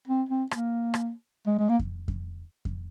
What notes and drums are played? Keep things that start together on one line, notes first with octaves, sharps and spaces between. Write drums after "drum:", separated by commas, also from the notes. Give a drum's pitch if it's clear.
C4
C4
A#3, drum: rim click
drum: rim click
G#3
G#3
A#3
drum: kick F2
drum: kick F2
drum: kick F2